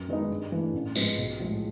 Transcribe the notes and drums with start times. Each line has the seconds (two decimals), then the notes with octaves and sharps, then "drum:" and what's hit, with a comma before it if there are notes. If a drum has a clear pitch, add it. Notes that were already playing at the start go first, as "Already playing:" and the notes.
Already playing: F#2
0.08 D#3 G#3 B3 D#4
0.30 G2
0.52 E3 A3 D4
0.74 A1
0.96 G#2 F3 G#3 B3, drum: tambourine
1.18 B1
1.40 A2 F3 G#3